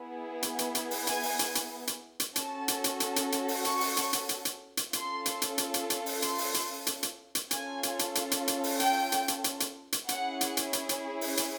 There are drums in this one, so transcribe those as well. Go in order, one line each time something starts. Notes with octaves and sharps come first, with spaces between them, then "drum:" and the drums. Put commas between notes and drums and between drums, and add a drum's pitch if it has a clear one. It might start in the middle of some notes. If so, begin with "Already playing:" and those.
Already playing: B3 E4 G#4
drum: hi-hat
drum: hi-hat
drum: hi-hat
drum: open hi-hat
G#5, drum: hi-hat
drum: open hi-hat
drum: hi-hat
drum: hi-hat
drum: hi-hat
drum: hi-hat
C#4 F#4 A4 A5, drum: hi-hat
drum: hi-hat
drum: hi-hat
drum: hi-hat
drum: hi-hat
drum: hi-hat
drum: open hi-hat
C#6, drum: hi-hat
drum: open hi-hat
drum: hi-hat
drum: hi-hat
drum: hi-hat
drum: hi-hat
drum: hi-hat
C#4 F4 A4 C6, drum: hi-hat
drum: hi-hat
drum: hi-hat
drum: hi-hat
drum: hi-hat
drum: hi-hat
drum: open hi-hat
C6, drum: hi-hat
drum: open hi-hat
drum: hi-hat
drum: hi-hat
drum: hi-hat
drum: hi-hat
C#4 F4 A4 G#5, drum: hi-hat
drum: hi-hat
drum: hi-hat
drum: hi-hat
drum: hi-hat
drum: hi-hat
drum: open hi-hat
G5, drum: hi-hat
drum: hi-hat
drum: hi-hat
drum: hi-hat
drum: hi-hat
drum: hi-hat
C#4 E4 G#4 F#5, drum: hi-hat
drum: hi-hat
drum: hi-hat
drum: hi-hat
drum: hi-hat
drum: open hi-hat
drum: hi-hat